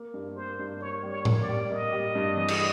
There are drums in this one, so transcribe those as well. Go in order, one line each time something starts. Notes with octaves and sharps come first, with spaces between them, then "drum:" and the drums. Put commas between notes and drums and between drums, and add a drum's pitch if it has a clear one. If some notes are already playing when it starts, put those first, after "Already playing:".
Already playing: A#3
G2
A#3 C5
G2
A#3 C#5
G3
C#5
A#3, drum: tom A2
D5
G3
A#3 D#5
G3
G2
E3
drum: cymbal